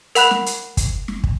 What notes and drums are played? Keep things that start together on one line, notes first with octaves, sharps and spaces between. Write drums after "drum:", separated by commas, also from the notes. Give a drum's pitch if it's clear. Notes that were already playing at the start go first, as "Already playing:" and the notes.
A#4 F#5 B5 F#6 F7, drum: hi-hat
drum: snare
drum: hi-hat
drum: kick, hi-hat
drum: snare
drum: kick